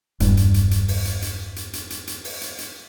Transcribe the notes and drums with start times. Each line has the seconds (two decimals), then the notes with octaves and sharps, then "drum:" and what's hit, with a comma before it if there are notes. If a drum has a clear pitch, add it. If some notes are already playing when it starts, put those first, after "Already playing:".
0.20 E1 G2, drum: hi-hat
0.37 drum: hi-hat
0.54 drum: hi-hat
0.71 drum: hi-hat
0.88 drum: open hi-hat
1.05 drum: hi-hat
1.22 drum: hi-hat
1.56 drum: hi-hat
1.73 drum: hi-hat
1.90 drum: hi-hat
2.07 drum: hi-hat
2.24 drum: open hi-hat
2.41 drum: hi-hat
2.58 drum: hi-hat